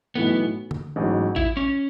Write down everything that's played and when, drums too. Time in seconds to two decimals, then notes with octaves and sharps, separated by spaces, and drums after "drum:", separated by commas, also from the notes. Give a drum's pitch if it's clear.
0.15 B1 A2 E3 A3 B3
0.71 drum: tom
0.96 A1 G#2 F#3
1.36 E4, drum: kick
1.57 C#4